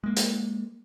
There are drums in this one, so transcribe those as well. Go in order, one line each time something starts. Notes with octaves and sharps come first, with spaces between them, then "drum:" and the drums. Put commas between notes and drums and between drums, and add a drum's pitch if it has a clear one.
G#3 A#3
drum: hi-hat